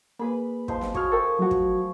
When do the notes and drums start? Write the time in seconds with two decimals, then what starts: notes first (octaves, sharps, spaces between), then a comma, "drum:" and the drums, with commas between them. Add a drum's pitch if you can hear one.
0.19 A#3 G#4 B4 B5
0.68 F3 D#4 C5, drum: kick
0.81 drum: snare
0.94 F#4 G#4 C#5 F6, drum: kick
1.12 A4 A#4 G5
1.39 F3 F#3 A3 F#4
1.51 drum: kick